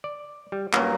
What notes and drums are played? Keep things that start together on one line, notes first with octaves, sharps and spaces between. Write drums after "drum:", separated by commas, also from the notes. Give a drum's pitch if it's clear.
D5
G3
G2 A#2 F#3 A#3 C#4, drum: clap